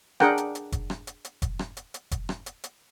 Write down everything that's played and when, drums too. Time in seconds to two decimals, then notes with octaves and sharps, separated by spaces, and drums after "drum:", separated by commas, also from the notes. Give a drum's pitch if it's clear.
0.20 D4 G#4 A#4 F#5 G5, drum: rim click
0.38 drum: hi-hat
0.55 drum: hi-hat
0.72 drum: kick F1, hi-hat
0.90 drum: rim click
1.07 drum: hi-hat
1.25 drum: hi-hat
1.42 drum: kick F1, hi-hat
1.59 drum: rim click
1.77 drum: hi-hat
1.94 drum: hi-hat
2.11 drum: kick F1, hi-hat
2.29 drum: rim click
2.46 drum: hi-hat
2.64 drum: hi-hat